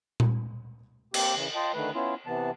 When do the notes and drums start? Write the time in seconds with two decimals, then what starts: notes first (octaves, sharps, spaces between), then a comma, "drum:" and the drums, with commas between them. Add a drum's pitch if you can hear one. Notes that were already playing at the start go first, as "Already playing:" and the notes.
0.20 drum: tom A#2
1.14 A#3 C4 G4, drum: cymbal
1.35 C#3 E3
1.55 F4 D#5 G5 A5
1.74 D3 D#3 A3 B4
1.94 B3 C#4 E4 F4
2.27 C3 E3 B3 A5